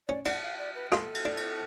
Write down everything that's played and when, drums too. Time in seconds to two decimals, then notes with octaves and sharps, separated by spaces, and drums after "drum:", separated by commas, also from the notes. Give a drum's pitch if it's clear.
0.08 C#4 D5
0.25 D4 F#5, drum: cymbal
0.42 F5
0.58 D5
0.75 B4
0.92 F4 A4, drum: rim click
1.15 drum: cymbal
1.25 D4
1.37 drum: cymbal